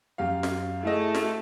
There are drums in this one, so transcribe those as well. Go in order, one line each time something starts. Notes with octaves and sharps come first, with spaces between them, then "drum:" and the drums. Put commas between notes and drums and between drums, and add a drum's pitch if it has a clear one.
F#2 G4 F5
drum: snare
A3 E4 G#4 D#5
drum: snare